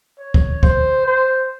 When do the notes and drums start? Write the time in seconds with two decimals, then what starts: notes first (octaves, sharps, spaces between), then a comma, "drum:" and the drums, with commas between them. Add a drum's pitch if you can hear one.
0.19 C#5
0.34 drum: kick
0.63 C5, drum: kick
1.07 C5